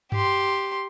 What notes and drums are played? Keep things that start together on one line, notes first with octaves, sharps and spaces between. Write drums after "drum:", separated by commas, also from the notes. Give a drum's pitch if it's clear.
G4 C6, drum: tom G2